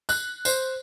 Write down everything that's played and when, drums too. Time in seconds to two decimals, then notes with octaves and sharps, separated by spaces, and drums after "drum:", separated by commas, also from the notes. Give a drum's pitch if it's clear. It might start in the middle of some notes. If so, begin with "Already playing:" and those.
0.09 F#6, drum: tambourine
0.45 C5, drum: tambourine